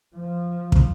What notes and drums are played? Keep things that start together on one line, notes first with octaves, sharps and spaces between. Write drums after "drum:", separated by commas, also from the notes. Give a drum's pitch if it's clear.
F3
drum: kick